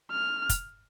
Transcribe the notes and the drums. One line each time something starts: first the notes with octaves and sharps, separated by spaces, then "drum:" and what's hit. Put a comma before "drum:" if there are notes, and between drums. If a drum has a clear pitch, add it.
F6
drum: kick, hi-hat